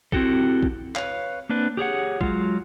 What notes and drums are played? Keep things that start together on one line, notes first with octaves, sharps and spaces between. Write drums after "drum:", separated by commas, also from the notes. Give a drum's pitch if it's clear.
C4 E4 F#4 G4 A4, drum: kick
drum: kick
B4 C#5 F5, drum: clap
A#3 C4 D4 B4
G4 G#4 C#5 F#5
F#3 G#3 F4, drum: kick